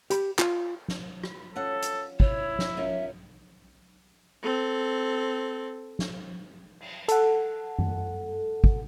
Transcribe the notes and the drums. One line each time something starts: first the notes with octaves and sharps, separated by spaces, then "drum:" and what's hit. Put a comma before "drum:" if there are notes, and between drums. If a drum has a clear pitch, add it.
G4 B5, drum: hi-hat
F4, drum: clap
drum: snare
drum: rim click
C#4 F4 A4 F#5
drum: hi-hat
E4 C#5, drum: kick
drum: snare
C#4 F4 A#4 E5
C4 A4
drum: snare
drum: cymbal
A4 F#5, drum: hi-hat
drum: tom F#2
drum: kick